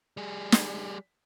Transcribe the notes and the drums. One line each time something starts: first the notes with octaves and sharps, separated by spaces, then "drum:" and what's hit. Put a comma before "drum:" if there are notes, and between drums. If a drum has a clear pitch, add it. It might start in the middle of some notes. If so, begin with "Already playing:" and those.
G3 G#4
drum: snare